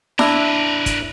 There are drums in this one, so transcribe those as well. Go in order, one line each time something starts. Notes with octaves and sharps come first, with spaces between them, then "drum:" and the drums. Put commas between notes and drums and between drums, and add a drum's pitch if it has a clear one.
D4 E4 A#4 B4, drum: snare E4
drum: kick, hi-hat